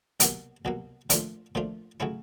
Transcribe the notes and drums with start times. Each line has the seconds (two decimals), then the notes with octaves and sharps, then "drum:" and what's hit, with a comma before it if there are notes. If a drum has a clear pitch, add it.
0.20 C2 B2 F#3 A#3, drum: hi-hat
0.65 C2 B2 F#3 A#3
1.10 A#2 F3 A3 D4 F4, drum: hi-hat
1.55 A#2 F3 A3 D4 F4
2.00 C#3 F#3 A3 C#4 E4